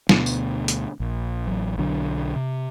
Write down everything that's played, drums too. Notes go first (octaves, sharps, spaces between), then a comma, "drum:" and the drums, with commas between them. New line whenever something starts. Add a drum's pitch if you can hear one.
D2 B2 B3 D4, drum: snare
drum: tambourine
drum: hi-hat
A#1
A1 F#3
B1 D3 F#3 D4
C3